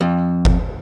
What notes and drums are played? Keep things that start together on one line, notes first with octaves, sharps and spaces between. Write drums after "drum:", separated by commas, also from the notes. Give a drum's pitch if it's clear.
F2
drum: kick F#1